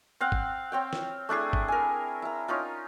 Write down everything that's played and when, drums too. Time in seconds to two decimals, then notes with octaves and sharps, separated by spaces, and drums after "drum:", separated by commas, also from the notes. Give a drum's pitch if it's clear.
0.21 C4 F5 F#5
0.32 drum: kick G1
0.72 C4 C#5 G5
0.93 drum: snare
1.29 A3 D4 E4 G#4
1.53 drum: kick G1
1.68 A#4 G#5
2.22 E4 A#5
2.48 C#4 D#4 F4